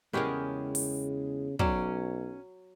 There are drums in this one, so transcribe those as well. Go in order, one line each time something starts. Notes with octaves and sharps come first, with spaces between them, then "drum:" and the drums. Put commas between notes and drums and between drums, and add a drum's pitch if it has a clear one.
E2 C#3 G#3 B3 C#4 G4 A#4
drum: open hi-hat
B1 F#3 C#4 D5, drum: kick